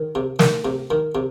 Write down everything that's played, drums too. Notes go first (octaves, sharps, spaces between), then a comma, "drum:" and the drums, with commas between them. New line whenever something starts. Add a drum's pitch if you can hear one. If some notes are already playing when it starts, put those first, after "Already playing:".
Already playing: D#3
C3
D#3, drum: snare
C3
D#3
C3